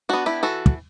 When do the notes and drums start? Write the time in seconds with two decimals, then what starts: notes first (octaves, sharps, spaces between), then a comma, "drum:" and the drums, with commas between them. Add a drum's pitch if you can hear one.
0.09 B3 D4 F#4
0.26 E4 G4
0.43 E3 F#4 A4
0.66 drum: kick